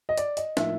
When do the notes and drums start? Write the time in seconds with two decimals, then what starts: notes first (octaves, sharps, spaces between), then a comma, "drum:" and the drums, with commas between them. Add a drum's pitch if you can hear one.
0.09 D#5
0.18 D5, drum: hi-hat
0.37 D#5, drum: hi-hat
0.57 A2 F3 A#3 D#4 E5, drum: snare